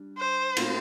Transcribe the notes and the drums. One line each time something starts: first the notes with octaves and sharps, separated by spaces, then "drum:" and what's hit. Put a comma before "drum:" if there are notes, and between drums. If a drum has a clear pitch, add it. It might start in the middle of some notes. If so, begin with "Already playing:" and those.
Already playing: G3 D4
C5
A#2 A3 C4 F4, drum: cymbal